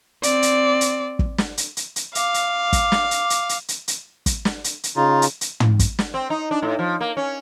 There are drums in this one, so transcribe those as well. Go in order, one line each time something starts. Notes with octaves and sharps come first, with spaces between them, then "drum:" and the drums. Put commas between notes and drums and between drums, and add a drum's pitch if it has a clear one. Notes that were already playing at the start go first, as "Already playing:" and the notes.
C4 D5, drum: hi-hat
drum: hi-hat
drum: hi-hat
drum: kick
drum: snare
drum: hi-hat
drum: hi-hat
drum: hi-hat
F5 D6, drum: hi-hat
drum: hi-hat
drum: kick, hi-hat
drum: snare
drum: hi-hat
drum: hi-hat
drum: hi-hat
drum: hi-hat
drum: hi-hat
drum: kick, hi-hat
drum: snare
drum: hi-hat
drum: hi-hat
C#3 D#4 F4
drum: hi-hat
drum: hi-hat
drum: tom
drum: kick, hi-hat
drum: snare
C4
D#4
D4
A2
F3
A#3
C#4